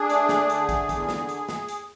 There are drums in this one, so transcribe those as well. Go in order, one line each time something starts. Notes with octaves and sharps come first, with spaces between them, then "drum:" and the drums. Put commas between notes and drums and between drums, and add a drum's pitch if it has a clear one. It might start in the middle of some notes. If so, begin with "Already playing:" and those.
Already playing: D4 G#4
A3, drum: hi-hat
drum: snare
D3, drum: hi-hat
drum: kick, hi-hat
E2, drum: kick, hi-hat
drum: snare
drum: hi-hat
drum: snare
drum: hi-hat